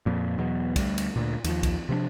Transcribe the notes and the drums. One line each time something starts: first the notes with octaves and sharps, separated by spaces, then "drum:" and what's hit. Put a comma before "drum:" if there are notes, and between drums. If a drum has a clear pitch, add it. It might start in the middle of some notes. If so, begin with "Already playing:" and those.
F2 A#2
E2 B2 F#3
D2 G3, drum: kick B1, cymbal
drum: cymbal
D2 A#2
D#2 F3, drum: cymbal
drum: kick B1, cymbal
C3 F3 A3 D4